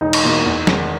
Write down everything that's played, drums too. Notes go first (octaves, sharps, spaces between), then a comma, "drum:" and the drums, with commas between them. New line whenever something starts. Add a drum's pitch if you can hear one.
E1 D#4
drum: cymbal
E2 B2 A#3
E2
D#3 G#3, drum: snare